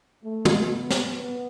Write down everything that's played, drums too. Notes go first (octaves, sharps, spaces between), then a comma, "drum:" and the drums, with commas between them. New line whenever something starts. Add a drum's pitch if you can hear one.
A3
drum: tom
B3
drum: snare
B3